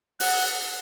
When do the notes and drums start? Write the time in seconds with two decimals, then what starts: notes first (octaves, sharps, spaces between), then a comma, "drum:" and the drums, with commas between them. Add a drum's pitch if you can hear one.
0.20 F#5, drum: open hi-hat